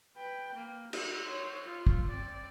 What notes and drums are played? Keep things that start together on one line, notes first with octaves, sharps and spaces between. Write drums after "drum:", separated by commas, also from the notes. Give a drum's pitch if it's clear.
B4 G5
A#3
F#4, drum: cymbal
C5 C#5
F4
drum: kick
C4 D5